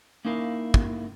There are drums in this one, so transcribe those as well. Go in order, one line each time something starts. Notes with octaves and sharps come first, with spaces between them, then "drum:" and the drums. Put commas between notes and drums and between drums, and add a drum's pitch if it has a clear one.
A#3 C#4 D#4 E4 A#4 F5
drum: kick